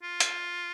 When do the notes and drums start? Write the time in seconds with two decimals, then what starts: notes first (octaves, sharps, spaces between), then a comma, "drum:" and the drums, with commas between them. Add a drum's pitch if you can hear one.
0.03 F4
0.20 drum: hi-hat